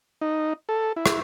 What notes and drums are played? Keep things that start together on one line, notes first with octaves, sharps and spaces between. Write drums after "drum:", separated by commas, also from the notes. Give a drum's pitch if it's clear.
D#4
A4
E4
drum: rim click